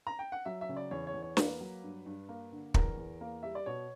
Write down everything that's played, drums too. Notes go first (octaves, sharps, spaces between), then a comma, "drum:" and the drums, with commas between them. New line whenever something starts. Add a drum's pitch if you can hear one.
A#5
G5
F#5
F#3 E5
E5
C#3
D5
E2 C#5
C#5
E2
C#5
A#3 B4, drum: snare
F#3
G2
G2
A#3
D3
E2 A#4, drum: kick
E2
A#3
G3 E5
D5
B2 C#5